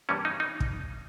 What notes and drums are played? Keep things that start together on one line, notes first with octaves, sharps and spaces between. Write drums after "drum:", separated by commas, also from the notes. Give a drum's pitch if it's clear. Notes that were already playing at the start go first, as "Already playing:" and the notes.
G2 E3 G3 A#3 C#4
D#4
D#4
drum: kick